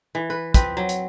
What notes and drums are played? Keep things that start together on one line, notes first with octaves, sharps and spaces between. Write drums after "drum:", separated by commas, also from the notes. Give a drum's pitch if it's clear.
E3
B4
F3 C4 B4, drum: kick, hi-hat
F#3
drum: hi-hat